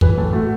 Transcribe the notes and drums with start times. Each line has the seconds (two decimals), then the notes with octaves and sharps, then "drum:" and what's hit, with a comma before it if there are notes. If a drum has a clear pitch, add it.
0.01 E3 B4, drum: kick
0.17 A2 A4
0.33 A3 F#4